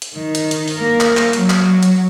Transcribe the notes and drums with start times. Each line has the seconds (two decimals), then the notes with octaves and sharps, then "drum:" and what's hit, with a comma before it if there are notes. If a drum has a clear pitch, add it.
0.02 drum: hi-hat
0.15 D#3
0.35 drum: hi-hat
0.51 drum: hi-hat
0.68 drum: open hi-hat
0.77 A#3 A#4
1.00 drum: clap
1.17 drum: clap
1.33 F#3, drum: hi-hat
1.50 drum: clap
1.83 drum: hi-hat